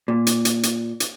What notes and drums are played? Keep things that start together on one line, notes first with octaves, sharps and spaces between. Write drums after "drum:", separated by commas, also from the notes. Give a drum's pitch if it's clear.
A#2
drum: hi-hat
drum: hi-hat
drum: hi-hat
drum: hi-hat